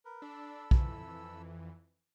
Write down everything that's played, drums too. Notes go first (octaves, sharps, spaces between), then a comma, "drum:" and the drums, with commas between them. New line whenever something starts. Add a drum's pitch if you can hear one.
A#4 B4
D4 A4 B5 E6
F2 E3, drum: kick